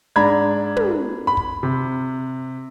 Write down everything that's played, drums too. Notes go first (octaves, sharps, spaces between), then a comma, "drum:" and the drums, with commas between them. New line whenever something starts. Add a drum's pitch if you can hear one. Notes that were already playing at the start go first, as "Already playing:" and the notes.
G#2 D4 A#5 B5 G#6
drum: tom
B5
drum: kick
C3